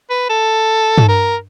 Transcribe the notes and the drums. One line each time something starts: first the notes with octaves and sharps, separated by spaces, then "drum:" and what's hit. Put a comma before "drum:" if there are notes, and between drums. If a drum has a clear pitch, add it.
B4
A4
drum: tom
A#4